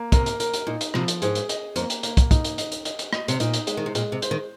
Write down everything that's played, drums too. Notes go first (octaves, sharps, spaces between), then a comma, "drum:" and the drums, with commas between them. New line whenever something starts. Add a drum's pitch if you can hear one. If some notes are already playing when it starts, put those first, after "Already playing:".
Already playing: A#3
C3 A#4, drum: kick, hi-hat
drum: hi-hat
A#4, drum: hi-hat
drum: hi-hat
A#2 D#4
drum: hi-hat
C3 F3, drum: rim click
drum: hi-hat
G#2 G#4, drum: hi-hat
drum: hi-hat
D#5, drum: hi-hat
F2 A#3, drum: hi-hat
drum: hi-hat
A#3, drum: hi-hat
drum: kick, hi-hat
D#4, drum: kick, hi-hat
drum: hi-hat
D#5, drum: hi-hat
drum: hi-hat
D#5, drum: hi-hat
drum: hi-hat
D#5, drum: rim click
C3, drum: hi-hat
A#2 D#4, drum: hi-hat
drum: hi-hat
G#3, drum: hi-hat
D#3
C3
A#2 G#3, drum: hi-hat
C3
C5, drum: hi-hat
D#3